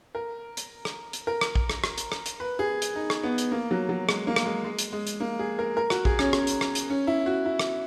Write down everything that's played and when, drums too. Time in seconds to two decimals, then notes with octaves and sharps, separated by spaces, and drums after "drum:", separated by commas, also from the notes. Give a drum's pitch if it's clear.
0.15 A#4
0.57 drum: hi-hat
0.85 drum: rim click
1.13 drum: hi-hat
1.27 A#4
1.41 drum: rim click
1.55 drum: kick
1.70 drum: rim click
1.84 drum: rim click
1.98 drum: hi-hat
2.12 drum: rim click
2.26 drum: hi-hat
2.40 B4
2.59 G#4
2.82 drum: hi-hat
2.96 D#4
3.10 drum: rim click
3.23 B3
3.38 drum: hi-hat
3.52 A#3
3.71 F#3
3.89 F#3
4.09 G#3, drum: rim click
4.27 A#3
4.36 drum: rim click
4.46 G#3
4.64 G#3
4.79 drum: hi-hat
4.92 G#3
5.07 drum: hi-hat
5.20 A#3
5.39 G#4
5.59 A#4
5.77 A#4
5.90 F#4, drum: rim click
6.05 G#4, drum: kick
6.19 C#4, drum: rim click
6.33 drum: rim click
6.47 drum: hi-hat
6.61 drum: rim click
6.75 drum: hi-hat
6.90 C#4
7.07 E4
7.26 F#4
7.45 E4
7.59 drum: rim click